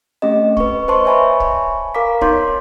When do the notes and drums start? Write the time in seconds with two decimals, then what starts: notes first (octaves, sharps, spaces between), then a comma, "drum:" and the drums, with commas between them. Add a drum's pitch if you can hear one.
0.22 A3 C4 C#4 G4 D#5
0.57 B4 C#6, drum: kick
0.88 B4 C5 D#5 A5 C6 C#6
1.05 C#5 E5 G#5 A5 B5 C#6
1.40 drum: kick
1.95 A#4 F5 A#5 D6 B6
2.21 B3 D#4 C#5 C6 D6 G6, drum: kick